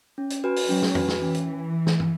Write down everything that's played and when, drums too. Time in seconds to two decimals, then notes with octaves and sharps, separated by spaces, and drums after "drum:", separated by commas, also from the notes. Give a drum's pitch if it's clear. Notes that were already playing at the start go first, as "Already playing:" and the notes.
0.18 C#4
0.30 drum: hi-hat
0.44 F#4 B4 G#5
0.56 drum: open hi-hat
0.69 F#3 C#4
0.82 drum: snare
0.95 F#4 B4 G#5, drum: tom F2
1.08 drum: snare
1.21 E3 C#4
1.34 drum: hi-hat
1.87 drum: snare
2.00 drum: tom